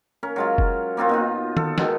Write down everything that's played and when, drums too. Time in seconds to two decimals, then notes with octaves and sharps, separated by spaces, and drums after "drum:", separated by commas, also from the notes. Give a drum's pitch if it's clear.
0.23 C#4 A#4
0.36 F#3 G#3 F4
0.58 drum: kick F1
0.97 A#3 C4 F4 F#4
1.09 B2 D#4 F4
1.57 A4, drum: tom D#3
1.78 B2 D#3 G#3, drum: snare